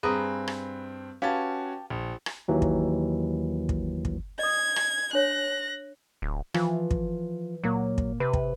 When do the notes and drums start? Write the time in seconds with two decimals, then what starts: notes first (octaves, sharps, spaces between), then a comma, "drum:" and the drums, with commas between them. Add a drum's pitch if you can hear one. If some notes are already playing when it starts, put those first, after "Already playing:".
0.03 G2 C4 G#4 B4 G#5 A#5 D#6
0.48 drum: rim click
1.22 C#4 F#4 G4 B4 F5 A5
1.90 A#1
2.26 drum: rim click
2.48 D#2 E3 F#3
2.62 drum: kick
3.69 drum: kick
4.05 drum: kick
4.39 D#5 D#6 G#6
4.76 drum: rim click
5.13 D4 C#5 F#6 A#6
6.22 D1
6.54 E3 F3 F4, drum: rim click
6.91 drum: kick
7.64 C#2 A#2 F#3 A#3
7.98 drum: kick
8.20 C3 B4
8.34 drum: kick